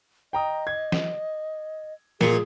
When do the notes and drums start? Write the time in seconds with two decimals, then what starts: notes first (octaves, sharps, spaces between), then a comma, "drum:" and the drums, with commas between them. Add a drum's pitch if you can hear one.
0.33 D#5 G5 A#5 D#6
0.67 G#6
0.92 drum: snare
2.21 A#2 G#4, drum: snare